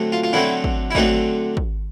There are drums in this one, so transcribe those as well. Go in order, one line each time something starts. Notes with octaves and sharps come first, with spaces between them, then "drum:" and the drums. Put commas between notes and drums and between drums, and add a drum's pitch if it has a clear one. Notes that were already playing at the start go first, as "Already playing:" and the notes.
Already playing: D3 F#3 A3 C4
F4
F4
D3 F#3 A3 C4 E4
drum: kick
E4
D3 F#3 A3 C4 D#4, drum: kick
drum: kick